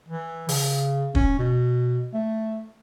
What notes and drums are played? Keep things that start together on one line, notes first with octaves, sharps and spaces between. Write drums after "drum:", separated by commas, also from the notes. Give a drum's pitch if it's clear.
E3
C#3, drum: open hi-hat
C#4, drum: kick
B2
A3